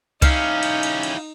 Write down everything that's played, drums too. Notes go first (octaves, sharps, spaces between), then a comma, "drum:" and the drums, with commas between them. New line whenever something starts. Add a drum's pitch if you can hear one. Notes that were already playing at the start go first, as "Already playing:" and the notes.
C#4 D#4 E4 G4 F5, drum: kick C2, cymbal
drum: cymbal
drum: cymbal
drum: cymbal